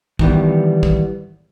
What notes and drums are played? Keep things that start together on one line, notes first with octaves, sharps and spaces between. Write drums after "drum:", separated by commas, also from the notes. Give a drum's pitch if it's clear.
D#3 E3 G3 B3, drum: kick
drum: kick